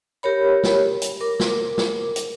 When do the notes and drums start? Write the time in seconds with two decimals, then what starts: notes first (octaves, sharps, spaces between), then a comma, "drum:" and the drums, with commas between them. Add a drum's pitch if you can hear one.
0.23 G4 A#4 C#5 B5
0.64 drum: snare
1.02 drum: hi-hat
1.21 A#4 D6
1.40 drum: snare
1.78 drum: snare
2.16 drum: hi-hat